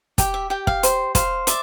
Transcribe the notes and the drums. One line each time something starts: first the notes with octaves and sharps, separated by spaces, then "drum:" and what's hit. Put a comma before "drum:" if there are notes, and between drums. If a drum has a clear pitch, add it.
G4 G5, drum: kick, hi-hat
E5
G4 G5
F5, drum: kick
C5, drum: hi-hat
C5 F5, drum: kick, hi-hat
D5 E5, drum: hi-hat